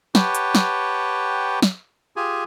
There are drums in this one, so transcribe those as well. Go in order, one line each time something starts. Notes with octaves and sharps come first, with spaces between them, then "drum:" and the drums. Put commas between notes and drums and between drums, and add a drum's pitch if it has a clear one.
G4 B4 C#5 F#5 G5 A5, drum: snare
drum: hi-hat
drum: snare
drum: snare
F4 G4 G#4 G#5